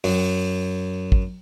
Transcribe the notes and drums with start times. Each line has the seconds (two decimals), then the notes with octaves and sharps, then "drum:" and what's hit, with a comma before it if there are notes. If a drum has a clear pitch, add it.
0.04 F#2, drum: open hi-hat
1.12 drum: kick